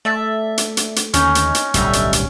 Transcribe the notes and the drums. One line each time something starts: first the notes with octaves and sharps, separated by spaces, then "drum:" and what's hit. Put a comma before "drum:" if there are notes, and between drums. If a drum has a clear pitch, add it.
A3 D5 E5 A5
drum: hi-hat
drum: hi-hat
drum: hi-hat
D#2 D3 C#4 D#4, drum: hi-hat
drum: hi-hat
drum: hi-hat
D1 B1 G3 A3 D#4 E5, drum: hi-hat
drum: hi-hat
drum: hi-hat